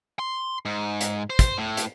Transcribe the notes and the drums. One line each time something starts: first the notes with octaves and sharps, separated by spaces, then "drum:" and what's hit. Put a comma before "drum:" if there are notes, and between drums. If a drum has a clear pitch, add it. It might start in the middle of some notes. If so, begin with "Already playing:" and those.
C6
G#2
drum: hi-hat
C5
drum: kick, hi-hat
A2
drum: hi-hat